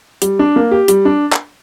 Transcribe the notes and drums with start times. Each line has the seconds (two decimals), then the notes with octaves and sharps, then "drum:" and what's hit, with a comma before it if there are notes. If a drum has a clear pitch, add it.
0.22 G3, drum: hi-hat
0.39 D4
0.56 A#3
0.71 G4
0.88 G3, drum: hi-hat
1.05 D4
1.33 drum: clap